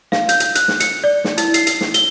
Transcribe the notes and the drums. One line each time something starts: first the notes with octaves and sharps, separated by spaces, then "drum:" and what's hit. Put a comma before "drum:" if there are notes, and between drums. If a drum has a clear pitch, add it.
F5, drum: snare
G6, drum: hi-hat
drum: hi-hat
F#6, drum: hi-hat
drum: snare
C#7, drum: hi-hat
D5
drum: snare
E4, drum: hi-hat
C7, drum: hi-hat
drum: hi-hat
drum: snare
G7, drum: hi-hat